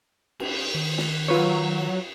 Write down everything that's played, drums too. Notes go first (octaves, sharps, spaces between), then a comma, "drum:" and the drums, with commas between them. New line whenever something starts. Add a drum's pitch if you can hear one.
drum: cymbal
D#3
drum: snare
F#3 F4 B4 C#5